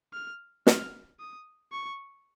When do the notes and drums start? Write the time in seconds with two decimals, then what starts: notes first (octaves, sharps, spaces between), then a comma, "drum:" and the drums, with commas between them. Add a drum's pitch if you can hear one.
0.14 F6
0.67 F6, drum: snare
1.19 D#6
1.72 C#6